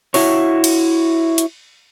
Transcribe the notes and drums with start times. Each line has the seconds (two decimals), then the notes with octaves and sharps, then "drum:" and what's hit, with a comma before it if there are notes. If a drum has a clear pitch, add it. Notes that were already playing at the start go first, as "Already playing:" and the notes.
0.14 E4 F#4 C#5, drum: open hi-hat
0.64 drum: cymbal
1.38 drum: hi-hat